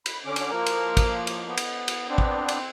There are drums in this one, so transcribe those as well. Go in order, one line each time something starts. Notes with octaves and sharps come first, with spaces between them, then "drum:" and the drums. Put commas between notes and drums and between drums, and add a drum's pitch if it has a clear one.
B5, drum: cymbal
D3 C#4 D6
drum: cymbal
F3 A#3 A#4
drum: cymbal
drum: kick, cymbal
drum: cymbal
B3
drum: cymbal
drum: cymbal
B3 C4 D4
drum: kick
drum: cymbal